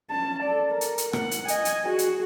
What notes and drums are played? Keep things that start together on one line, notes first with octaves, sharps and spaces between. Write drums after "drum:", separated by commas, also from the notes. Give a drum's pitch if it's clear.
C#4 A5
A4 D5
A#4
drum: hi-hat
drum: hi-hat
F#5, drum: rim click
drum: hi-hat
D#5 G#5, drum: hi-hat
drum: hi-hat
F#4 G#4
drum: hi-hat